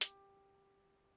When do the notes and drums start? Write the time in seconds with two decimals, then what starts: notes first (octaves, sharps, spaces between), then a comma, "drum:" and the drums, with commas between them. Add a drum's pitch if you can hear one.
0.01 G4, drum: hi-hat